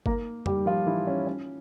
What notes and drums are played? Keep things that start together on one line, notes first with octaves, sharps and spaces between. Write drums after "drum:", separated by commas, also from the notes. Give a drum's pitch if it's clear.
A#3 A#4, drum: kick
G3 G4, drum: tom
F3 F4
E3 E4
C#4
C#4